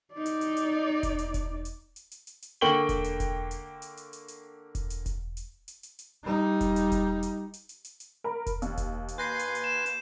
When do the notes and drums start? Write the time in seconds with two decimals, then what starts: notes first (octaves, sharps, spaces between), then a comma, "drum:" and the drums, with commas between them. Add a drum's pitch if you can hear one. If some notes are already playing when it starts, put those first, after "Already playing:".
0.14 D#4 D5
0.26 drum: hi-hat
0.41 drum: hi-hat
0.57 drum: hi-hat
1.03 drum: kick E1, hi-hat
1.19 drum: hi-hat
1.34 drum: kick E1, hi-hat
1.65 drum: hi-hat
1.96 drum: hi-hat
2.11 drum: hi-hat
2.27 drum: hi-hat
2.42 drum: hi-hat
2.61 D3 A#3 G5 C#6 F#7 G7
2.89 drum: kick E1, hi-hat
3.04 drum: hi-hat
3.20 drum: kick E1, hi-hat
3.51 drum: hi-hat
3.82 drum: hi-hat
3.97 drum: hi-hat
4.13 drum: hi-hat
4.28 drum: hi-hat
4.75 drum: kick E1, hi-hat
4.90 drum: hi-hat
5.06 drum: kick E1, hi-hat
5.37 drum: hi-hat
5.68 drum: hi-hat
5.83 drum: hi-hat
5.99 drum: hi-hat
6.23 G3 D#4
6.61 drum: kick E1, hi-hat
6.76 drum: hi-hat
6.92 drum: kick E1, hi-hat
7.23 drum: hi-hat
7.54 drum: hi-hat
7.69 drum: hi-hat
7.85 drum: hi-hat
8.00 drum: hi-hat
8.24 A#4 A#5 B5
8.47 drum: kick E1, hi-hat
8.62 D#2, drum: hi-hat
8.77 drum: kick E1, hi-hat
9.08 drum: hi-hat
9.18 B4 G#5 C6 G6 A#6 C7
9.39 drum: hi-hat
9.55 drum: hi-hat
9.64 E7
9.86 drum: hi-hat